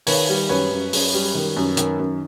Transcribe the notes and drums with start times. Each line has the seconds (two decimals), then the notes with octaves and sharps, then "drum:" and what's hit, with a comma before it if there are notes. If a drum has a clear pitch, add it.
0.07 D#3 B4 C#5, drum: open hi-hat
0.29 G3
0.49 F#2 B4 C#5
0.71 F#2
0.93 F#2, drum: open hi-hat
1.14 G3
1.35 D#3
1.57 F#2
1.77 D#3, drum: hi-hat
2.00 F#2